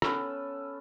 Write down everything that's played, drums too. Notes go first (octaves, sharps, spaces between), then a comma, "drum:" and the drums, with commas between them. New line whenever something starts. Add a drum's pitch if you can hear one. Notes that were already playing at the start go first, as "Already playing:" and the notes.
B3 C#4 A4, drum: rim click